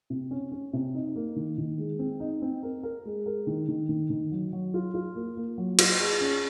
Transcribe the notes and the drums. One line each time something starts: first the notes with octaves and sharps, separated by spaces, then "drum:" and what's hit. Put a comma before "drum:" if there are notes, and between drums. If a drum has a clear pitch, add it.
C3
C#4
C#4
C3
D#4
A#3
D#3
D#3
G#3
C4
D#4
C4
A#4
A#4
G#3
A#4
D#3
D#3
D#3
D#3
F#3
F#3
F4
F4
A#3
A#3
F#3
F4, drum: cymbal
G#4
C#4